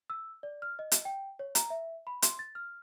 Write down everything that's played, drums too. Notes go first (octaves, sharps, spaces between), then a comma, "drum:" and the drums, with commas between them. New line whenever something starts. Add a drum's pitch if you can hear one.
E6
D5
F6
D#5
drum: hi-hat
G5
C#5
A#5, drum: hi-hat
E5
B5
C6, drum: hi-hat
A6
F6